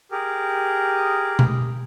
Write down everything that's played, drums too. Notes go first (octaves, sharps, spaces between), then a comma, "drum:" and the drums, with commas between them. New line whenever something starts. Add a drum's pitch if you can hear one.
G4 G#4 A#4
drum: tom B2